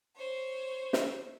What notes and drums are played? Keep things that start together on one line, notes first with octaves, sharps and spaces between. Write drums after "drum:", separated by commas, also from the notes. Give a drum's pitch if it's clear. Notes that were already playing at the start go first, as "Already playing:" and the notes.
C5 C#5
drum: snare